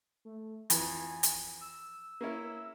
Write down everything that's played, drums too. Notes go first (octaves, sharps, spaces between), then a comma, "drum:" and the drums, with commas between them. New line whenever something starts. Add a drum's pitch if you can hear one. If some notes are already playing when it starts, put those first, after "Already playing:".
A3
F2 E3 G#5, drum: hi-hat
drum: hi-hat
E6
A#3 C#4 E4